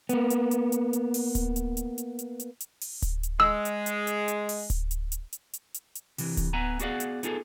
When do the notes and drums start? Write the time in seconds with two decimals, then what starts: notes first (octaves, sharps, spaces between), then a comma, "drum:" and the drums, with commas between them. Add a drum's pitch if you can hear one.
0.09 A#3 B3, drum: hi-hat
0.30 drum: hi-hat
0.51 drum: hi-hat
0.72 drum: hi-hat
0.93 drum: hi-hat
1.14 drum: open hi-hat
1.35 drum: kick D1, hi-hat
1.56 drum: hi-hat
1.77 drum: hi-hat
1.98 drum: hi-hat
2.19 drum: hi-hat
2.40 drum: hi-hat
2.60 drum: hi-hat
2.81 drum: open hi-hat
3.02 drum: kick D1, hi-hat
3.23 drum: hi-hat
3.40 G#3 E6
3.65 drum: hi-hat
3.86 drum: hi-hat
4.07 drum: hi-hat
4.28 drum: hi-hat
4.49 drum: open hi-hat
4.70 drum: kick D1, hi-hat
4.91 drum: hi-hat
5.12 drum: hi-hat
5.33 drum: hi-hat
5.53 drum: hi-hat
5.74 drum: hi-hat
5.95 drum: hi-hat
6.18 C3 E3, drum: open hi-hat
6.37 drum: kick D1, hi-hat
6.53 B3 B4 E5 F#5 G#5 A#5
6.79 B3 F#4 G#4 D5 F5 F#5, drum: hi-hat
7.00 drum: hi-hat
7.23 B3 D#4 F4 G#4 A4, drum: hi-hat